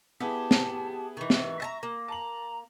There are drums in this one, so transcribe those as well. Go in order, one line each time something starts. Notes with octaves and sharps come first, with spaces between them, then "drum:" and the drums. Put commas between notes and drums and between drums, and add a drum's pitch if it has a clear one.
B3 E4 G4 G#4 A5
drum: snare
D#3 E3 C#6
drum: snare
E5 A5 A#5 A#6
A#3
A5 A#5 F#7